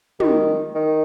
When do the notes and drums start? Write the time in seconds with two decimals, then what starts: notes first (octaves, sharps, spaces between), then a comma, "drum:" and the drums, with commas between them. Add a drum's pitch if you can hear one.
0.20 D#3, drum: tom
0.75 D#3